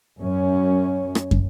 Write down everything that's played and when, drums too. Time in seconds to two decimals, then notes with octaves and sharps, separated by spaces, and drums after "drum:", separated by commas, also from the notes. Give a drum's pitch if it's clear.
0.20 F#2 C#4
1.15 drum: rim click
1.31 drum: kick